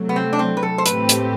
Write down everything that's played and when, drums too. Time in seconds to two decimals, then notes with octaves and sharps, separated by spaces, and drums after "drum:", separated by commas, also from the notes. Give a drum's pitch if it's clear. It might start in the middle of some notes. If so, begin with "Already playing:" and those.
Already playing: C3 F#3 A3
0.09 B3
0.16 C4
0.33 D4
0.39 C4
0.57 B4
0.63 A4
0.78 C5
0.86 A2 E3 A3 C4 G4 B4, drum: hi-hat
1.09 drum: hi-hat